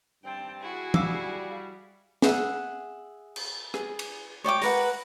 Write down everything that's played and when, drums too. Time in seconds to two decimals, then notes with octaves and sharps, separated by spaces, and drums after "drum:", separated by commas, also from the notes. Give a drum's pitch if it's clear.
0.24 G2 C4 G5 A5
0.61 E4 F#4 G#4
0.94 G3 F5 D6 E6, drum: tom
2.22 G#4 E5 F#5, drum: snare
3.36 drum: cymbal
3.74 G#4, drum: rim click
3.99 drum: cymbal
4.44 C#5 D5 G5 D6
4.62 A#4 B4 F#5, drum: open hi-hat